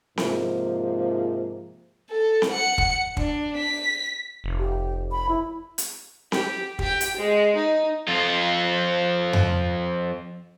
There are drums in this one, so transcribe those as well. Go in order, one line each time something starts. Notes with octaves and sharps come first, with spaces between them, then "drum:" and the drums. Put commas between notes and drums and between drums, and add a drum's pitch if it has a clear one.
G#2 C3 F3 A#3, drum: snare C4
A4
drum: snare C4
F#5 C#7
drum: kick
D4, drum: kick
B6
F1
G4
B5
E4
drum: hi-hat
G4, drum: snare C4
G4 G5, drum: kick
drum: hi-hat
G#3
D#4
F2 F4
drum: tom F2